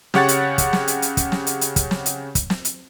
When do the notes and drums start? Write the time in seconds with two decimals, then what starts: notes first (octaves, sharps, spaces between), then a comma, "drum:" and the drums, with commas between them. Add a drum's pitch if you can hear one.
0.14 C#3 G4 C#5 F#5 C#6 A6, drum: snare
0.28 drum: hi-hat
0.58 drum: kick, hi-hat
0.73 drum: snare
0.88 drum: hi-hat
1.02 drum: hi-hat
1.17 drum: kick, hi-hat
1.32 drum: snare
1.47 drum: hi-hat
1.61 drum: hi-hat
1.76 drum: kick, hi-hat
1.91 drum: snare
2.06 drum: hi-hat
2.35 drum: kick, hi-hat
2.50 drum: snare
2.65 drum: hi-hat